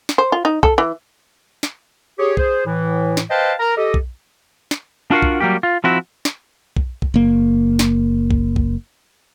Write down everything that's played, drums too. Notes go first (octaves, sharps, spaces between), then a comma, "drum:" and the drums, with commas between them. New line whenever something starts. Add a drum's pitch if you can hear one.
drum: snare
C5
F4
D#4
A4, drum: kick B1
E3
drum: snare
G4 G#4 C#5
G#4 C5, drum: kick B1
A2 E3
drum: snare
B4 C5 D#5 F5 G5 A5
A#4 A#5
G4 A4 D#5
drum: kick B1
drum: snare
D4 F4 F#4 A#4 F5 F#5
drum: kick B1
F#3 G3 A#3 G4
F4
F3 C4 E4 F#4
drum: snare
drum: kick B1
drum: kick B1
F#1 A#3
drum: snare
drum: kick B1
drum: kick B1